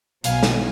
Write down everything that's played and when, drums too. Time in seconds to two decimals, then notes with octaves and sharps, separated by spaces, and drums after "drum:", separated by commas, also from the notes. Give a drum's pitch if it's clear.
0.24 B1 B2 F#3 F5 G#5, drum: hi-hat
0.43 drum: snare